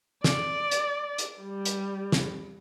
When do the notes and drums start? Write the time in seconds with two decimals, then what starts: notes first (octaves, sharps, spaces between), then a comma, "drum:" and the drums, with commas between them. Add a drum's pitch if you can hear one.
0.24 D5, drum: snare
0.71 drum: hi-hat
1.18 drum: hi-hat
1.42 G3
1.65 drum: hi-hat
2.12 drum: snare